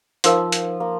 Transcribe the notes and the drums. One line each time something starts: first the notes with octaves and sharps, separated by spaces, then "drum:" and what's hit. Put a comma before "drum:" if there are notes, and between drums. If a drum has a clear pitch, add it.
F3 D#4 A#4 F5, drum: hi-hat
drum: hi-hat
A#3